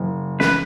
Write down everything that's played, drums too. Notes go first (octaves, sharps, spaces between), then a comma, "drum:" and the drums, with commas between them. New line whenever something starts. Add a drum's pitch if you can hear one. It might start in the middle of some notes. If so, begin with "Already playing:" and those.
Already playing: F#1
B4, drum: snare